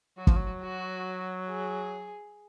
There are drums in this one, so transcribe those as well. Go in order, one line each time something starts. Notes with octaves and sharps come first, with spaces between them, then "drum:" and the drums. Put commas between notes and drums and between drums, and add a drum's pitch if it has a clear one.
F#3 F#4
F3, drum: kick
F#3
F#4
G#4